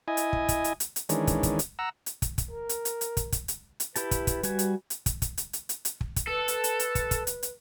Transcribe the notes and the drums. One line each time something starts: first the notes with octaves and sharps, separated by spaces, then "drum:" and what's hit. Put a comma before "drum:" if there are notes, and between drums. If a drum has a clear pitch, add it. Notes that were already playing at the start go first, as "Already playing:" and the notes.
E4 D#5 G#5
drum: hi-hat
drum: kick
drum: kick, hi-hat
drum: hi-hat
drum: hi-hat
drum: hi-hat
D#3 E3 G#3 C#4 D4, drum: hi-hat
drum: kick, hi-hat
drum: kick, hi-hat
drum: hi-hat
F#5 A#5 E6
drum: hi-hat
drum: kick, hi-hat
drum: kick, hi-hat
A#4
drum: hi-hat
drum: hi-hat
drum: hi-hat
drum: kick, hi-hat
drum: kick, hi-hat
drum: hi-hat
drum: hi-hat
E4 G4 B4 A5, drum: hi-hat
drum: kick, hi-hat
drum: kick, hi-hat
G3 F#4 G#5, drum: hi-hat
drum: hi-hat
drum: hi-hat
drum: kick, hi-hat
drum: kick, hi-hat
drum: hi-hat
drum: hi-hat
drum: hi-hat
drum: hi-hat
drum: kick
drum: kick, hi-hat
A4 B4
drum: hi-hat
drum: hi-hat
drum: hi-hat
drum: kick, hi-hat
drum: kick, hi-hat
drum: hi-hat
drum: hi-hat